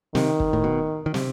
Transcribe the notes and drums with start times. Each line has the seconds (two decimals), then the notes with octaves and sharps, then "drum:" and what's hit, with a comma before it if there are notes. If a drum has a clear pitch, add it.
0.15 C3 D#3, drum: snare
0.40 drum: kick
0.53 A2
0.64 B2
1.06 D#3
1.14 C3, drum: snare